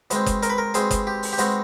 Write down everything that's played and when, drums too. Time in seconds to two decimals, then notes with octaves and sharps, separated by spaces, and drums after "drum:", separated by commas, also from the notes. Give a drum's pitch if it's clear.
0.10 B2 G#3 C4, drum: hi-hat
0.26 drum: kick F#1, hi-hat
0.43 A#4, drum: hi-hat
0.50 B4
0.58 A#4
0.74 B2 G#3 C4 G#4, drum: hi-hat
0.91 drum: kick F#1, hi-hat
1.07 G4
1.23 drum: open hi-hat
1.33 G4
1.38 B2 G#3 C4 F#4, drum: hi-hat